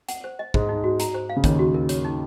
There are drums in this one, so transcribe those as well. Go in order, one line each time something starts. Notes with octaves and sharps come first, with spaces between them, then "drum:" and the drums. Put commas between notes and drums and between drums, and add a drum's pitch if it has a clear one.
F#5, drum: hi-hat
C5
D#5
G#2 G#3 C5, drum: kick
D#4
F#4
A#5, drum: hi-hat
C5
F5
C#3
D#2 D#3 C#5, drum: kick, hi-hat
F#4
A#4
C#5, drum: hi-hat
D#4